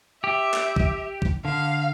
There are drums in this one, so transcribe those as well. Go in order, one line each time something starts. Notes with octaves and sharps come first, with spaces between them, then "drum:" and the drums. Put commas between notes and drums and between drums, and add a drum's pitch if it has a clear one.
G4 E5
drum: clap
drum: kick
drum: kick
D3 F5